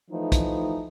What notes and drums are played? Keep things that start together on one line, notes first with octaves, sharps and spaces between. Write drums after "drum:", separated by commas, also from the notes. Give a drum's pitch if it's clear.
E3 F3 A3 D#4
drum: kick, hi-hat